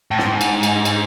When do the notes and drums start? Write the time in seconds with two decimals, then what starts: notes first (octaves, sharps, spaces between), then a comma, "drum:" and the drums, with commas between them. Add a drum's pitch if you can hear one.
0.11 A2
0.18 G#2, drum: snare
0.41 drum: cymbal
0.63 drum: cymbal
0.85 drum: cymbal